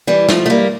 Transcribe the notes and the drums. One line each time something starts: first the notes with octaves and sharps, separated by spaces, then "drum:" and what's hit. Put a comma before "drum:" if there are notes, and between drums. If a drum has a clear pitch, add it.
E3 G3
F3 A3, drum: snare
A3
G3 A#3